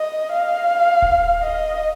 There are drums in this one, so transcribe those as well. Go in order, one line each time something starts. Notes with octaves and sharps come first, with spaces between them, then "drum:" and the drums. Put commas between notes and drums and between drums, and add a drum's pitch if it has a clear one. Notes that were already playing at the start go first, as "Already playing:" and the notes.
Already playing: D#5
F5
drum: kick D1
D#5